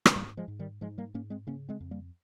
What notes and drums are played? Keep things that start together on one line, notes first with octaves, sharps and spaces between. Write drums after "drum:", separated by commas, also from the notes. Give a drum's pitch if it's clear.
drum: rim click
G#2 G3 A#3
F3 G#3
G#2
D#3 G3
G#2 F3 G#3
G3 A#3
G#2 A#3 C#4
G#3 C4
C#3 A#3 C#4
G#3 C4
F2
G3 A#3